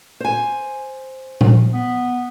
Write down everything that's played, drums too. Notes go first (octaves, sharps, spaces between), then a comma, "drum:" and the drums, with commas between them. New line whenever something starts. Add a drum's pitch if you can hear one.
C5 G#5
drum: tom A#2
B3